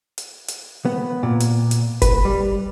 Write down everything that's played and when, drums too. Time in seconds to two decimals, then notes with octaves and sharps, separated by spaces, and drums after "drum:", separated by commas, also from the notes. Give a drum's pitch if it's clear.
0.18 drum: hi-hat
0.48 drum: hi-hat
0.85 B3
1.23 A#2
1.40 drum: hi-hat
1.71 drum: hi-hat
2.02 B4, drum: kick F#1, hi-hat
2.25 G3